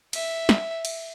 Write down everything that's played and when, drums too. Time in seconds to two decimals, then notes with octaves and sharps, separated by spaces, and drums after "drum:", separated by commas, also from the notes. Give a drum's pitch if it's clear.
0.13 E5, drum: cymbal
0.49 drum: snare
0.85 drum: cymbal